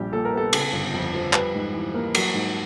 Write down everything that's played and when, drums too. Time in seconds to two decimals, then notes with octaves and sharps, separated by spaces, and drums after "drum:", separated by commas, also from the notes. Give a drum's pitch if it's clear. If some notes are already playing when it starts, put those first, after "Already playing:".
Already playing: A#1 G3 G4
0.12 A#2 A4
0.25 A#4
0.33 B3 A4
0.53 C#3, drum: cymbal
0.73 G1
0.94 F2
1.14 F3
1.33 G3 B4, drum: clap
1.54 G#2
1.73 E3
1.94 A#3
2.15 F#3, drum: cymbal
2.34 G#2